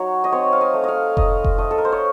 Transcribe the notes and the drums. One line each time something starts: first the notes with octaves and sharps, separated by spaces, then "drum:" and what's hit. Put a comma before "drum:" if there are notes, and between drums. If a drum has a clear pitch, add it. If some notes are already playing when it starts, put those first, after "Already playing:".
Already playing: F#3 D#4 F#4 C#5
D#5
C4 C#5
F5
D#5
A3
D#5 F5
D#4 D#5, drum: kick F1
drum: kick F1
A3 D#5
A4
A#4
C5
C#5